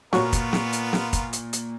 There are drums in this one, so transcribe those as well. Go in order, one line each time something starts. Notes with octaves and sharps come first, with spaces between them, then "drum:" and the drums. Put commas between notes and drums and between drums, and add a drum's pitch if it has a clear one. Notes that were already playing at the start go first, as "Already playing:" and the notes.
A#2 A#3 B3 F4 F#4 A#4 C#5 C#6, drum: snare
drum: kick, hi-hat
drum: snare
drum: hi-hat
drum: snare
drum: kick, hi-hat
drum: hi-hat
drum: hi-hat